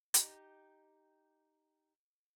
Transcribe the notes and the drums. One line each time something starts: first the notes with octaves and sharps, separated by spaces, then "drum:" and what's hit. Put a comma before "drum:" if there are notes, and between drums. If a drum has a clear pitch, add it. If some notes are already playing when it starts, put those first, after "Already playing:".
D#4 G4, drum: hi-hat